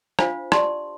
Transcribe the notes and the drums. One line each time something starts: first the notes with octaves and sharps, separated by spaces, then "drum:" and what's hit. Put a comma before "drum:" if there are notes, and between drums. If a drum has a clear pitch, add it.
D4 F4 C5 F5, drum: rim click
G4 D5 A5 C6, drum: rim click